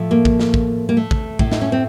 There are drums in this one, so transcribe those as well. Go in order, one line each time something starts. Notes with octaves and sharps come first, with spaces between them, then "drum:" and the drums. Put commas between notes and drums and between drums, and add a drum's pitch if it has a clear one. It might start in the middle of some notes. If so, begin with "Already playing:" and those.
Already playing: A2 F3 A3
A#3
drum: kick A1
drum: snare
drum: kick A1
A#3
A3
drum: kick A1
A2 A3, drum: kick A1
D#4, drum: snare
C#4
C4